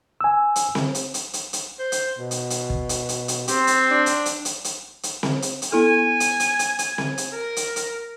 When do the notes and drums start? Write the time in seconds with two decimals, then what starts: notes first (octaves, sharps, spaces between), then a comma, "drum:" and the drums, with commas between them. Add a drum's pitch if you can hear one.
0.21 G#5 E6
0.56 drum: hi-hat
0.75 drum: snare C4
0.95 drum: hi-hat
1.14 drum: hi-hat
1.33 drum: hi-hat
1.53 drum: hi-hat
1.79 C5
1.92 drum: hi-hat
2.19 B2
2.31 drum: hi-hat
2.50 drum: hi-hat
2.70 drum: kick
2.89 drum: hi-hat
3.09 drum: hi-hat
3.28 drum: hi-hat
3.48 C4 G4, drum: hi-hat
3.67 drum: hi-hat
3.91 D4
4.06 drum: hi-hat
4.26 drum: hi-hat
4.45 drum: hi-hat
4.64 drum: hi-hat
5.03 drum: hi-hat
5.23 drum: snare C4
5.42 drum: hi-hat
5.62 drum: hi-hat
5.72 B3 E4 A4 G#5
6.20 drum: hi-hat
6.40 drum: hi-hat
6.59 drum: hi-hat
6.79 drum: hi-hat
6.98 drum: snare C4
7.18 drum: hi-hat
7.33 A#4
7.56 drum: hi-hat
7.76 drum: hi-hat